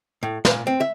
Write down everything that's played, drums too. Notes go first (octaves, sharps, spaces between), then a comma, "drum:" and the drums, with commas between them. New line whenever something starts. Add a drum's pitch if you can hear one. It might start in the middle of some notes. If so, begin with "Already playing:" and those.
A2
A#2, drum: snare
C4
E5